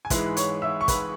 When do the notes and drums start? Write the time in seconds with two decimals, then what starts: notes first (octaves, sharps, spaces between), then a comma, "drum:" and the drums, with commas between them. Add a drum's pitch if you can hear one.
0.05 G#5
0.10 G#2 E3 G#3 E4 B4 B5, drum: kick, hi-hat
0.37 C#5 C#6, drum: hi-hat
0.62 E5 E6
0.81 C#6
0.88 B4 B5, drum: kick, hi-hat